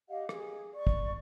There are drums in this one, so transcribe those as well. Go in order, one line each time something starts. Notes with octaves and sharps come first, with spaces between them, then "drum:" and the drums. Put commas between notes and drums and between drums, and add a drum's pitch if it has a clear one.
G4 D#5 F5 F#5
G#4, drum: rim click
D5 C#6
drum: kick